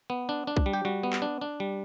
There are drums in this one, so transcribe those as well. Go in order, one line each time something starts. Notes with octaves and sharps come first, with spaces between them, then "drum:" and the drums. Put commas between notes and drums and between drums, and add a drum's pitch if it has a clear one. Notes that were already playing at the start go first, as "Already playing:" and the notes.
B3
D4
D4
drum: kick B1
G3
G4
G3 F#4
B3
drum: clap
D4
D4
G3